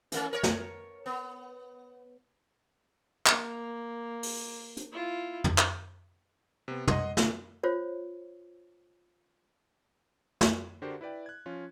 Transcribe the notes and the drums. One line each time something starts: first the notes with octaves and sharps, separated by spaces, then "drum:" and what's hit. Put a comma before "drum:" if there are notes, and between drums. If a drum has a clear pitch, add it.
E3 A3 C#4, drum: hi-hat
A#4 C#5
drum: snare
B3
A#3, drum: clap
drum: open hi-hat
drum: hi-hat
E4 F4
drum: tom
drum: clap
C3 B3
D#5 F#5 C6 D#6, drum: tom
B2 D3, drum: snare
F4 C5 C#5
drum: snare
D3 D4 F#4 G4 A#4 C5
E4 B4 D5 G5
F#6 G#6
F3 C#4 F4